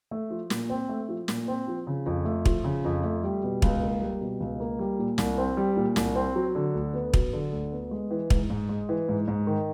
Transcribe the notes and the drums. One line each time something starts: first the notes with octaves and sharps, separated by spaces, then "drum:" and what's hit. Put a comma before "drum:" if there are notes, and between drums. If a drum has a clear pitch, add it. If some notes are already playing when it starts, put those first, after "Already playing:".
A3
F3
A#2, drum: snare
C4
A3
F3
A#2, drum: snare
C4
F3
C#3
F2
A3
F3, drum: kick
C#3
F2
A3
G3
B2
C#2, drum: kick
A#3
G3
B2
C#2
A#3
G3
A#2
C2, drum: snare
C4
G3
A#2
C2, drum: snare
C4
F#3
D3
D2
B3
F#3, drum: kick
D3
D2
B3
G#3
E3
G#2, drum: kick
G#2
G#3
E3
G#2
G#2
D#3